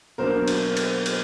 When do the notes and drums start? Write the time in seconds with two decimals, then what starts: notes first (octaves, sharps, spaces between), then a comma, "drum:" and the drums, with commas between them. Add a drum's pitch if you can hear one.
0.18 B2 F#3 A#3 D4 A#4 C5
0.48 drum: cymbal
0.77 drum: cymbal
1.06 drum: cymbal